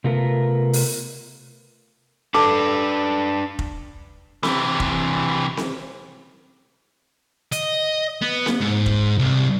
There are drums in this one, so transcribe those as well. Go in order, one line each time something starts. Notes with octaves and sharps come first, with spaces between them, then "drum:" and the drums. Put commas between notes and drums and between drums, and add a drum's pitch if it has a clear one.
C3 A3 B3 F4 A#4
drum: open hi-hat
D4 A4 B4 D6
drum: kick F1
C3 E3, drum: snare C4
drum: kick F1
drum: snare C4
D#5, drum: hi-hat
B3
drum: snare C4
G#2
drum: kick F1
C2